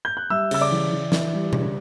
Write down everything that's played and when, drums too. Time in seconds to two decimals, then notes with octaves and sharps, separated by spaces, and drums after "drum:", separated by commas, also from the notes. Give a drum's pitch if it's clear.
0.05 G6
0.17 F#6
0.30 G3 E5 E6
0.51 C#3 E6, drum: cymbal
0.61 D5 D6
0.72 E3
0.92 E3
1.12 E3, drum: snare
1.33 G3
1.53 C#3, drum: tom B2